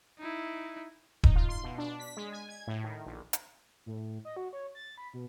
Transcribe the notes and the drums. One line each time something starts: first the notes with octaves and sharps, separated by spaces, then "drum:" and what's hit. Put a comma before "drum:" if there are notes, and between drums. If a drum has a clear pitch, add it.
D#4 E4
D#4, drum: kick D#1
F4
C6
B2
D4
B6
G#3
G#5
G#6
A2
D#3
A#1
drum: hi-hat
A2
D#5
F#4
C#5
A6
B5
B2